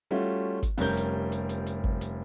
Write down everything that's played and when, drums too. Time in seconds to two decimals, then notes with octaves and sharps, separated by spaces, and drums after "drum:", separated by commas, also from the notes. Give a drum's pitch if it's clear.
0.11 G3 A3 C#4 F4 F#4
0.63 drum: kick G1, hi-hat
0.78 F1 G3 C#4 A#4 G6, drum: open hi-hat
0.97 drum: hi-hat
1.32 drum: hi-hat
1.49 drum: hi-hat
1.66 drum: hi-hat
1.84 drum: kick G1
2.01 drum: hi-hat